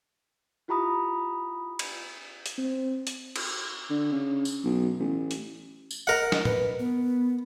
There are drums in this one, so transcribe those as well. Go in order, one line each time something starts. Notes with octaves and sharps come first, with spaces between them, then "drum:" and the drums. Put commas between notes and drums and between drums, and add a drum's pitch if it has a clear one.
E4 F4 G4 A#5 B5 D#6
drum: cymbal
drum: hi-hat
C4
drum: hi-hat
drum: cymbal
D3
C#3
drum: tambourine
B1
A1
drum: hi-hat
drum: tambourine
A#4 D#5 F#5
drum: snare
B4, drum: tom
B3